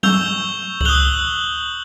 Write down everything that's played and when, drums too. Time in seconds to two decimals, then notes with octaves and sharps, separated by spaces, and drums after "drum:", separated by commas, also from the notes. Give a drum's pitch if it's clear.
0.03 C#6 E6 G6 F7 G7, drum: tom F#3
0.81 F#7, drum: kick C#2
0.85 D#6 F#6 F7 G7